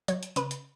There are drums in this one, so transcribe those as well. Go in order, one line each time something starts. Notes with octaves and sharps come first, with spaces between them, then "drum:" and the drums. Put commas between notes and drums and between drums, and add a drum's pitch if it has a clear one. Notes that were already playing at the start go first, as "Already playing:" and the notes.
F#3 C#5, drum: hi-hat
drum: hi-hat
C#3 B4, drum: hi-hat
drum: hi-hat